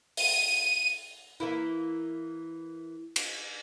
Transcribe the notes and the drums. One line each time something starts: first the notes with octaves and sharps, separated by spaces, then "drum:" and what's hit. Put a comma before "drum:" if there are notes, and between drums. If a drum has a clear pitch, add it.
D#7, drum: open hi-hat
E3 A#3 E4
drum: cymbal